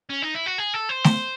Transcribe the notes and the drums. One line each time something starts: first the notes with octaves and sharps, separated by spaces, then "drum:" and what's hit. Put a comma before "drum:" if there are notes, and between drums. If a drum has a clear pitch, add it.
C#4
D#4
E4
F#4
G#4
A4
C5
drum: snare A3